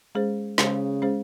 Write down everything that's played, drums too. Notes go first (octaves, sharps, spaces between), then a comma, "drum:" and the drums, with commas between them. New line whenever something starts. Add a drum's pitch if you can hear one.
G#3 C#4 G#4 C5
C#3 G#3 C#4 G#4 C5, drum: snare
G#3 C#4 G#4 C5